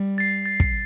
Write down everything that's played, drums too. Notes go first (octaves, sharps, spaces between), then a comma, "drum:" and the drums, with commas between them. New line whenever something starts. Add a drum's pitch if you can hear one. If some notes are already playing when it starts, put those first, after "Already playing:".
Already playing: G3
A6 C7
A6
drum: kick